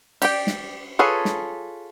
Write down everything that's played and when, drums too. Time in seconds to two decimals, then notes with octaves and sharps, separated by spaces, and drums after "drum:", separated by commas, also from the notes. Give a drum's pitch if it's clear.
0.22 G4 D5 G5, drum: cymbal
0.47 drum: snare
0.99 F4 G#4 A4 B4 C#5
1.25 drum: snare